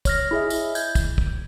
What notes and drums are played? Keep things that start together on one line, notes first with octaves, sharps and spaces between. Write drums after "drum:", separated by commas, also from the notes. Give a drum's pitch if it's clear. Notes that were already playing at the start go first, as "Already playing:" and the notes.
C#5 F6 A#6, drum: kick, tambourine
E4 G#4 D#5 E5
drum: tambourine
G6 G#6, drum: tambourine
drum: kick, tambourine
drum: kick